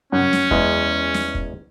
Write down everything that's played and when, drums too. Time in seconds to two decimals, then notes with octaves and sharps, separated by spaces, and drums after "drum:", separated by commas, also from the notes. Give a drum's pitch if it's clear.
0.12 F#2 C#4
0.33 drum: snare
0.51 E2 G#3, drum: kick
1.14 drum: snare
1.35 drum: kick